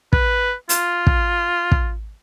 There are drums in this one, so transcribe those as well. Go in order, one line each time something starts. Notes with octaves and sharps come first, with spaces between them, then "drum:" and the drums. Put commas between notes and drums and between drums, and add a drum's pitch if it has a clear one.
B4, drum: kick
F4, drum: hi-hat
drum: kick
drum: kick